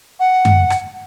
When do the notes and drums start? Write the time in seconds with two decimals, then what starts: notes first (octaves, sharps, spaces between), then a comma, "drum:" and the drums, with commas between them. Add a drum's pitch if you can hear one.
0.20 F#5
0.45 drum: tom F#2
0.70 drum: rim click